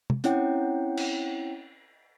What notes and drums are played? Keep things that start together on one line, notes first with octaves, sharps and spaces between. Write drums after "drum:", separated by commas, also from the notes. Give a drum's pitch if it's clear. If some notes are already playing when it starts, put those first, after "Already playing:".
drum: tom
C4 C#4 E4 C#5 F#5 G5, drum: hi-hat
drum: cymbal